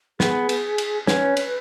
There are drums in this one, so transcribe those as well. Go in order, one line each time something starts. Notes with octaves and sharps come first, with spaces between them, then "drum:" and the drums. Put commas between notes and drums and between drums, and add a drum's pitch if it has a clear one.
B3 G#4, drum: snare
drum: cymbal
drum: cymbal
C#4 B4, drum: snare
drum: cymbal